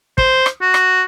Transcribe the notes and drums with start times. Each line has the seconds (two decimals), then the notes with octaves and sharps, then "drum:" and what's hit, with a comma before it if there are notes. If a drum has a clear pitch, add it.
0.18 C5, drum: kick
0.46 drum: rim click
0.62 F#4
0.74 drum: rim click